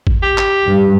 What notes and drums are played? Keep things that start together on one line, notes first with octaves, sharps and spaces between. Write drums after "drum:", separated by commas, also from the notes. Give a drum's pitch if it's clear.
drum: kick G#1
G4
drum: clap
G2